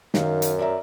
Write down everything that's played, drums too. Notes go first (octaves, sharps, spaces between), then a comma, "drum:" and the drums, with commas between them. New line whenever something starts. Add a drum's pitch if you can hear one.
F#2 D#3 F5, drum: snare
drum: hi-hat
D5 E5 A#5